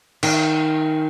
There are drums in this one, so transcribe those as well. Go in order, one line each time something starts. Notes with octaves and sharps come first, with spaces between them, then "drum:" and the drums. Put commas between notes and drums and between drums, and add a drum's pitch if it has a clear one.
D#3, drum: cymbal